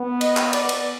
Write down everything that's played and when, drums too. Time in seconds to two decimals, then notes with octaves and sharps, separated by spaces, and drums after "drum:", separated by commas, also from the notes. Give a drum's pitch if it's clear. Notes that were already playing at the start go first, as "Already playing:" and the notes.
Already playing: B3
0.21 D#5, drum: cymbal
0.37 drum: clap
0.53 D5, drum: cymbal
0.69 drum: cymbal